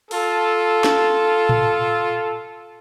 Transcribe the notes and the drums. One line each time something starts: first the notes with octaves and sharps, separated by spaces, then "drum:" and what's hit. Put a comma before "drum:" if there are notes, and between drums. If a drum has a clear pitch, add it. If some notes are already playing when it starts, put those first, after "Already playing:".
F4 A4, drum: open hi-hat
drum: snare
drum: tom A2